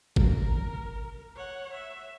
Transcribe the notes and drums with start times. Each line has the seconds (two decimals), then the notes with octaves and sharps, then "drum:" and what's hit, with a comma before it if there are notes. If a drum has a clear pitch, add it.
0.16 A#4, drum: kick G1
1.36 C#5 F#5
1.73 E5